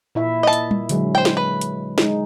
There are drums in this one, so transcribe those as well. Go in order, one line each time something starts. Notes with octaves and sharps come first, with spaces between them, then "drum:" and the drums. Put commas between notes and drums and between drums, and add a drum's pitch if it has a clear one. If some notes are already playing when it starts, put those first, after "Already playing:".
A#2 E4 E5
D#5 A5
drum: hi-hat
drum: tom G3
D3 F#3 G#3, drum: hi-hat
C5 G5
drum: snare
B4
drum: hi-hat
G#3 D#4, drum: snare